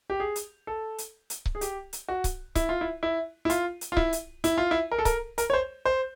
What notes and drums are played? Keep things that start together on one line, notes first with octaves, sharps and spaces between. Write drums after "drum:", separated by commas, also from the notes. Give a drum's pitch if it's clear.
G4
G#4
drum: hi-hat
A4
drum: hi-hat
drum: hi-hat
drum: kick C#1
G#4
G4, drum: hi-hat
drum: hi-hat
F#4
drum: kick C#1, hi-hat
E4, drum: kick C#1, hi-hat
F4
E4
E4
E4
F4, drum: hi-hat
drum: hi-hat
F4
E4, drum: kick C#1
drum: hi-hat
E4, drum: hi-hat
F4
E4
A#4
A4
A#4, drum: kick C#1, hi-hat
A#4, drum: hi-hat
C#5
C5
C5